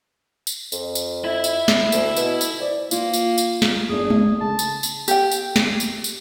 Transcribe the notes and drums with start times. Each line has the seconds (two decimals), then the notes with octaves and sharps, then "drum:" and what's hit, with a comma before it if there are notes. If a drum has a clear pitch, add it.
0.47 drum: tambourine
0.72 F2, drum: tambourine
0.95 drum: tambourine
1.24 E4 E5
1.44 drum: tambourine
1.68 drum: snare
1.92 D2, drum: tambourine
2.16 B2, drum: tambourine
2.41 drum: tambourine
2.60 C5 D5
2.91 A#3 F4, drum: tambourine
3.13 drum: tambourine
3.38 drum: tambourine
3.62 drum: snare
3.89 G1 D4 G#4
4.10 drum: tom G#3
4.41 C#3 A5
4.59 drum: tambourine
4.83 drum: tambourine
5.08 G4 G5, drum: tambourine
5.32 drum: tambourine
5.56 drum: snare
5.80 drum: tambourine
6.04 drum: tambourine